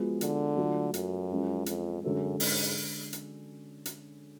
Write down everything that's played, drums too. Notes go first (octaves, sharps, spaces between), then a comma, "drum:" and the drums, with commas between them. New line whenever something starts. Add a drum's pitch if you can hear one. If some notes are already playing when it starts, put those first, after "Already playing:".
Already playing: F3 G#3 B3 F#4
D3, drum: hi-hat
F#3 A3 F4
F#2, drum: hi-hat
F3 G#3 C#4
F2, drum: hi-hat
F#2 D3 G#3 C#4 F#4 A4
G#2, drum: open hi-hat
drum: hi-hat
drum: hi-hat